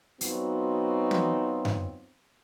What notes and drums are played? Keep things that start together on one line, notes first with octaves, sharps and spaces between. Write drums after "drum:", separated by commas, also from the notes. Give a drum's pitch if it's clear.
F#3 B3 C4 D#4 F4 F#4, drum: hi-hat
drum: tom
drum: tom F#2